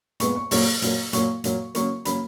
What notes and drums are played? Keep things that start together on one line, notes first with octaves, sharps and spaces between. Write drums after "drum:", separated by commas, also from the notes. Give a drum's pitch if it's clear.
A#2 G#3 B3 C#6, drum: hi-hat
C#6
A#2 F#3 A#3 C#6, drum: open hi-hat
A#2 F#3 A#3, drum: hi-hat
A#2 F#3 A#3 C#6, drum: hi-hat
A#2 F#3 A#3, drum: hi-hat
C#3 F#3 A#3 C#6, drum: hi-hat
C#3 F#3 A#3 B5, drum: hi-hat